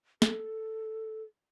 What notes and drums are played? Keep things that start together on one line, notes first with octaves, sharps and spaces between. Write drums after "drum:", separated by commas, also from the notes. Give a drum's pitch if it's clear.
A4, drum: snare